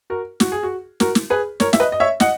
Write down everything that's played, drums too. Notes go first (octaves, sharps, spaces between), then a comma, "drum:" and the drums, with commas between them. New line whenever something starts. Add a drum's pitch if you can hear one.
F#4 A#4
F#4, drum: snare
G#4
F#4
F#4 A#4, drum: snare
drum: snare
G#4 B4
A#4 C#5, drum: snare
E5, drum: snare
B4 D#5
D#5
C#5 E5
D#5 F#5, drum: snare